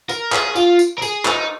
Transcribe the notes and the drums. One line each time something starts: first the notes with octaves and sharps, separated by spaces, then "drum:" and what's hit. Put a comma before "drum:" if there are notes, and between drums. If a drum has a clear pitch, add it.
A#4, drum: tambourine
G#4, drum: clap
F4, drum: tambourine
drum: tambourine
A#4
G#4, drum: tambourine
D#4, drum: clap